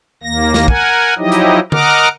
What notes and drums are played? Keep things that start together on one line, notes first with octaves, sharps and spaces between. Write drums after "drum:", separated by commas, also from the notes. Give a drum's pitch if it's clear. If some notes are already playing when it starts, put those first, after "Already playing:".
D#2 A#3 A#6
drum: snare
A#4 F#5 G#5, drum: kick
F3 F#3 D#4 E4 G4 D#5
drum: hi-hat
A#4 D#5 F#5 A#5 D6 F6, drum: tom D3